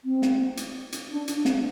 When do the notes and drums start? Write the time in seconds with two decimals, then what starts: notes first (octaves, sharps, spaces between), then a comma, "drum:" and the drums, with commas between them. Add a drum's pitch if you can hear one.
0.04 C4
0.22 drum: snare
0.57 drum: hi-hat
0.92 drum: hi-hat
1.10 D4
1.28 drum: hi-hat
1.45 C4, drum: snare